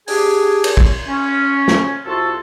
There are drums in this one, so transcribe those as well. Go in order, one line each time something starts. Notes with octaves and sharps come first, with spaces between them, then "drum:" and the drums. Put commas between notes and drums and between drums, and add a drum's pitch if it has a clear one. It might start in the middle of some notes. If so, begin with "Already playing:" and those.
D4 G4 G#4 G#5, drum: open hi-hat
drum: cymbal
drum: kick
C#4
drum: snare
C2 F4 F#4 A4